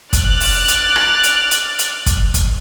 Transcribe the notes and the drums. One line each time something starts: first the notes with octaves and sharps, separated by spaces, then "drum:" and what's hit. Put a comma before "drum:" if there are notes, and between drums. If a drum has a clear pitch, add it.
D6 F6 F#6 A6, drum: kick, hi-hat
drum: open hi-hat
drum: hi-hat
drum: rim click
drum: hi-hat
drum: hi-hat
drum: hi-hat
drum: kick, hi-hat
drum: kick, hi-hat